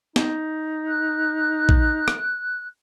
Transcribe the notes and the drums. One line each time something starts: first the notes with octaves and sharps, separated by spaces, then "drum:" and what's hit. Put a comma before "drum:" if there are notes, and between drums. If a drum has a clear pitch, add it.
D#4, drum: snare B3
F#6
drum: kick
drum: rim click